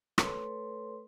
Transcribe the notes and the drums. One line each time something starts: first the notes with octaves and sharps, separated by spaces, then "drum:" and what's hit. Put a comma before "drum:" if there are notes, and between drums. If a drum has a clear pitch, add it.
A3 A4 B4 C#5 C6, drum: rim click